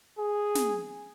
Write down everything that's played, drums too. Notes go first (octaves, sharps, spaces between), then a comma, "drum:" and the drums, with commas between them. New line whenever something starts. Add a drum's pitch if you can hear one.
G#4
drum: snare